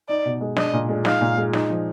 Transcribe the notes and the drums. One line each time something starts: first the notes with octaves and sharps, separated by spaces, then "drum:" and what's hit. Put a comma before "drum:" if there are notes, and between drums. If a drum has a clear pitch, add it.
D#4 D5
B2
G#3
D4 D#5, drum: snare
A#2
G#3
D#4 F5, drum: snare
A#2
G#3
D#4, drum: snare
F3